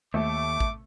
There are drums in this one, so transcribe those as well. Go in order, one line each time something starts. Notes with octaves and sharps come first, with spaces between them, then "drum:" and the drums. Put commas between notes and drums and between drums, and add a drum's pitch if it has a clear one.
D#2 A3 D6
drum: kick